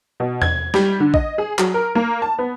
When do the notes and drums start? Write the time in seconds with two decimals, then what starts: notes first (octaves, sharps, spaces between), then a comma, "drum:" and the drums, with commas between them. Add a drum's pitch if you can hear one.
0.20 B2
0.42 G#6, drum: tom E2
0.74 G3, drum: snare
1.00 D3
1.14 D#5, drum: kick
1.38 G#4
1.59 F#3, drum: clap
1.74 A#4
1.95 A#3
2.22 A5
2.39 B3